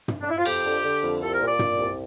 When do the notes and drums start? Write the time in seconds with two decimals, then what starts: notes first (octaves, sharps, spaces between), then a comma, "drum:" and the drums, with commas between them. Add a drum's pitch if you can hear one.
0.08 drum: tom
0.22 D4
0.30 E4
0.38 F4
0.45 F2 G4, drum: cymbal
0.65 D3
0.83 D3
1.02 F2
1.21 C2 A4
1.33 A#4
1.41 A#2
1.47 D5
1.59 A#2, drum: tom
1.78 C2